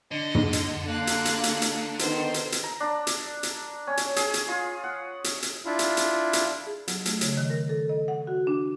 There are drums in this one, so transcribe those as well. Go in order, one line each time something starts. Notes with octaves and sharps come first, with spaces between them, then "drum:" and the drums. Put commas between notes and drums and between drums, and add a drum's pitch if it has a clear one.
D3 D4 D#5
drum: tom
drum: hi-hat
A#3 A4 F5 A5 A#5 F#6
drum: hi-hat
drum: hi-hat
drum: hi-hat
drum: hi-hat
D#3 B3 C5, drum: hi-hat
drum: hi-hat
drum: hi-hat
A#5
D4
drum: hi-hat
drum: hi-hat
C#4
drum: hi-hat
G#4, drum: hi-hat
drum: hi-hat
F4
F#5
drum: hi-hat
drum: hi-hat
D4 E4 F4
drum: hi-hat
drum: hi-hat
drum: hi-hat
G#4
F#3, drum: hi-hat
A3, drum: hi-hat
C#3, drum: hi-hat
D#3
A#4
A4
D#5
F#5
F#4
D4